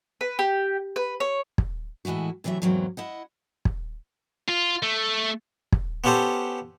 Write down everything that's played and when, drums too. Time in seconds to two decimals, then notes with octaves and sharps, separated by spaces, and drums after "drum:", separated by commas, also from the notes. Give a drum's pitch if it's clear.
0.21 B4
0.39 G4
0.96 B4
1.20 C#5
1.58 drum: kick
2.05 A2 E3 G#3 E4 F#4
2.44 C3 E3 F#3 A3 E5
2.62 E2 G#2 F#3 A#3 C4
2.97 E4 D#5 F#5
3.65 drum: kick
4.48 F4
4.83 A3
5.72 drum: kick
6.04 B3 C#4 F4 G4 A4 C5